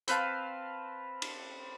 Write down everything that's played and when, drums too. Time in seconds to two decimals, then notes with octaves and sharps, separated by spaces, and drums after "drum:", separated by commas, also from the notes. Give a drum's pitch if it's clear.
0.08 C4 B4 F5 A5, drum: hi-hat
1.22 drum: cymbal